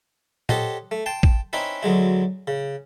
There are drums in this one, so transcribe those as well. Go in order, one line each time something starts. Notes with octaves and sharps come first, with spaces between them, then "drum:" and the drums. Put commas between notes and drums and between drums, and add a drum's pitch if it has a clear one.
G4 A4 C5 C#5 D#5 F#5, drum: tom A#2
A3
G5 A5 C6
drum: kick A1
C4 C#4 D#4 E4 B4
D2 F#3 G#3 E4
C#3